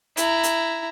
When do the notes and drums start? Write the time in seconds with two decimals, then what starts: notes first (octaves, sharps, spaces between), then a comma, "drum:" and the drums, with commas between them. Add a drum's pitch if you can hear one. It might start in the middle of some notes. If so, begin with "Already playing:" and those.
0.17 E4 A#5, drum: hi-hat
0.43 drum: hi-hat